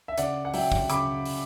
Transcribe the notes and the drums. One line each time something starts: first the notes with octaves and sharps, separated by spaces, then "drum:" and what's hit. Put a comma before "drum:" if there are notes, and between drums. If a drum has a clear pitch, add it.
E5
C#3 D5 F#5, drum: hi-hat
F#5
F#3 E5 G5, drum: open hi-hat
drum: kick
C#3 B5 D6, drum: hi-hat
drum: open hi-hat